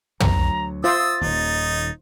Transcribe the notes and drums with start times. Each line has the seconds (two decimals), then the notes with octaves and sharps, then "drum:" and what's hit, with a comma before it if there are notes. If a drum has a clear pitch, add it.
0.20 D2 F#3 A#5, drum: tom
0.84 F4 C5 E5 D#6 E6 A6
1.21 D#1 D#2 D#4